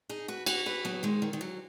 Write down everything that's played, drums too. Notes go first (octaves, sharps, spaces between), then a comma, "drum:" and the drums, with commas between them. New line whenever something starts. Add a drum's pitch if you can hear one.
D#4 G#4
F#4 B4
F#4 B4, drum: cymbal
F#4 B4
F#3 B3
D#3 G#3
D#3
D#3
F#3